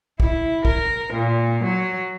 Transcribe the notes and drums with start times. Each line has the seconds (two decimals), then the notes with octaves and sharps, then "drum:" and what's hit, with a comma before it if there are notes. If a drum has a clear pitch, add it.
0.20 E4, drum: kick
0.65 A#4, drum: kick
1.13 A#2
1.64 F#3